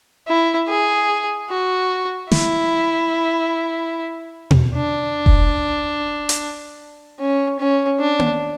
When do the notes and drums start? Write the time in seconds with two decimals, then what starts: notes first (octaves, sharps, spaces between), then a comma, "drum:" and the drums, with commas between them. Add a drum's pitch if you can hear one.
0.28 E4
0.69 G#4
1.50 F#4
2.31 E4, drum: snare
4.51 drum: tom B2
4.76 D4
5.26 drum: kick F1
6.29 drum: hi-hat
7.20 C#4
7.59 C#4
8.00 D4
8.19 drum: tom A#3